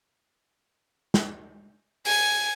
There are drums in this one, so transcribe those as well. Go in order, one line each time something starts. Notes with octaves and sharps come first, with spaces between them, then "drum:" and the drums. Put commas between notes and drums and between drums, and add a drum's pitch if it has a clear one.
drum: snare
G#5, drum: open hi-hat